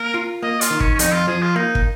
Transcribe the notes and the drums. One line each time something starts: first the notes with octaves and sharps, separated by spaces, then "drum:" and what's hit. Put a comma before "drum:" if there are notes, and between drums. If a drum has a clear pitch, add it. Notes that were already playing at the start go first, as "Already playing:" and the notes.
Already playing: A#3 A#4
F4
A#3 D#5
F4, drum: hi-hat
D#3
C#4, drum: kick
C#4
F2 D#4, drum: hi-hat
F4
F3 G#4
F4
A#3 D#4
drum: kick